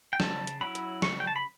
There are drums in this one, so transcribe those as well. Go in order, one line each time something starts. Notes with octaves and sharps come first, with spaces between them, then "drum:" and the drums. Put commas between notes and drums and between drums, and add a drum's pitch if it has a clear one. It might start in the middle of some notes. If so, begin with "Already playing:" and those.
G5
C#3 A5, drum: snare
drum: hi-hat
F#3 C#4 E4 B5
drum: hi-hat
C#3 C#6, drum: snare
G5
A5
B5